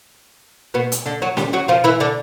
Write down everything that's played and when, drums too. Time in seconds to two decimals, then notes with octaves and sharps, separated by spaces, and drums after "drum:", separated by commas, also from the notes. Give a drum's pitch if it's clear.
0.74 B2 B3
0.92 drum: hi-hat
1.06 D3 D4
1.22 F#3 F#4
1.37 G3 G4, drum: snare C#4
1.53 F#3 F#4
1.68 F3 F4
1.84 E3 E4
2.00 D3 D4